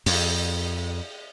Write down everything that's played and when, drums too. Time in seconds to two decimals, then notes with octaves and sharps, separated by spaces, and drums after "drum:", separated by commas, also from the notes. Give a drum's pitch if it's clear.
0.06 F2, drum: open hi-hat